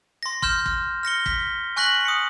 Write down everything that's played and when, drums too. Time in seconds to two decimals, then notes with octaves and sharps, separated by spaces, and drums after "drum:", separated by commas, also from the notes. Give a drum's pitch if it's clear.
0.23 C6 A#6
0.42 C6 F6 G6 E7, drum: kick
0.66 drum: kick
1.03 F6 A#6 C#7 G7
1.26 B6, drum: kick
1.76 G#5 C#6 F#6 A#6 B6 F#7
2.05 D#6 C#7